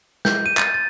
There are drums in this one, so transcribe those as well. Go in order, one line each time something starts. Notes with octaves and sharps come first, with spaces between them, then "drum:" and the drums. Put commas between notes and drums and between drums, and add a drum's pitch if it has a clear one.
G6, drum: snare
D#7
A6, drum: clap
A6